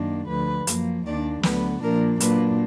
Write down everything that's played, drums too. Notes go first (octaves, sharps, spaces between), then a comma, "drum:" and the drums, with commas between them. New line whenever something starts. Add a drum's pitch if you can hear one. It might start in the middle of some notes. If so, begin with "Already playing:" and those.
Already playing: F#2 D#3 A#3 D4
D2 D3 F3 B4
F#2 F3 A#3, drum: hi-hat
D#2 D#3 A#3 D4 D5
D2 D3 F#3 B3 B4, drum: snare
A#2 F3 A#3 D4 A#4
A#2 F#3 A#3 D4 B4, drum: hi-hat